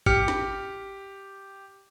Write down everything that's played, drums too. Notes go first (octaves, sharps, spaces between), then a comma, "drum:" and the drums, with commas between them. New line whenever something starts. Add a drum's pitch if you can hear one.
G4 F6 C#7, drum: kick
drum: snare